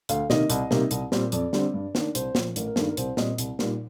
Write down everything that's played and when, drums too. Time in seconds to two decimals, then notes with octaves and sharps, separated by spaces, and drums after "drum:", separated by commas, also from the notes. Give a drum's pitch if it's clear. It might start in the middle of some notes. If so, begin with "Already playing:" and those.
0.09 D2 F5, drum: hi-hat
0.30 C3 D#3 A#3 D#5, drum: snare
0.50 C2, drum: hi-hat
0.71 C3 G3 A#3 D#4, drum: snare
0.91 C2, drum: hi-hat
1.12 A#2 G3 C4, drum: snare
1.32 F2 D5, drum: hi-hat
1.53 D3 G3 C4, drum: snare
1.74 G2
1.95 D#3 A#3 D4, drum: snare
2.15 C2 C5, drum: hi-hat
2.35 A#2 F3, drum: snare
2.56 A1 A#4, drum: hi-hat
2.67 A#4
2.76 G2 D#3 A#3 A4, drum: snare
2.87 A#4
2.97 C2 C5, drum: hi-hat
3.17 A#2 G3 C4 D#5, drum: snare
3.38 C2, drum: hi-hat
3.59 A#2 G3 A#3 D#4, drum: snare